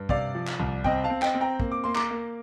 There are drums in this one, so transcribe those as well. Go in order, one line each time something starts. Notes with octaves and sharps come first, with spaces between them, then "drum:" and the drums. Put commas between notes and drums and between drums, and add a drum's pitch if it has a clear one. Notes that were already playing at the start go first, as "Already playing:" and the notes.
Already playing: G2
C3 D5 F5, drum: kick
F3
drum: clap
C2
C4 D#5 G5, drum: kick
F5 A5
C4
D#5 G5, drum: clap
C4
G5 A#5
A#3, drum: kick
D6
A#3 C6
A#5 D6, drum: clap
A#3